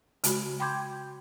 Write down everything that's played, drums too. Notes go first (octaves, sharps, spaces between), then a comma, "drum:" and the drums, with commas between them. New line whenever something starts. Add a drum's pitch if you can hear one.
C#3 G#3 F#4 B5, drum: hi-hat
G5 B5 C6 D6 G6 G#6